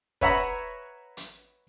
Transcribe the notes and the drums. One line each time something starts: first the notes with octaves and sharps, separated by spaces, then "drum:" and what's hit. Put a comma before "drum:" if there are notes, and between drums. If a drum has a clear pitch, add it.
B4 C#5 E5 F#5 A#5 B5, drum: kick
drum: hi-hat